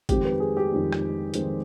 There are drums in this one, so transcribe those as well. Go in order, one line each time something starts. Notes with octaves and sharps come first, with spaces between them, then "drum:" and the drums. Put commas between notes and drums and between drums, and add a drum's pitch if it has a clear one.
F2 D#3 G#3 C4 G4, drum: kick, hi-hat
B4
G#4
G4
F2 D#3 G#3 C4
drum: rim click
F2 D#3 G#3 C4, drum: hi-hat